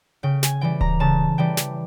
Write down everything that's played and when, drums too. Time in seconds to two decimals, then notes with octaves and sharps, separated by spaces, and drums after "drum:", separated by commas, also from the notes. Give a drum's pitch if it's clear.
0.23 C#3 G5
0.43 G#5, drum: snare
0.61 E3 G3 G5
0.81 A#5, drum: kick D1
1.00 C#3 A5
1.38 E3 G3 G5
1.57 drum: snare